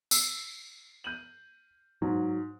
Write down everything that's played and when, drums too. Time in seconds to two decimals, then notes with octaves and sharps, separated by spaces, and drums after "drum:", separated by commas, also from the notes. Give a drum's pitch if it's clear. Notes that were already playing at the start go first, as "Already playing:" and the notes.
0.11 E6, drum: tambourine
1.04 G6 D#7 F#7
2.02 G#2 F#3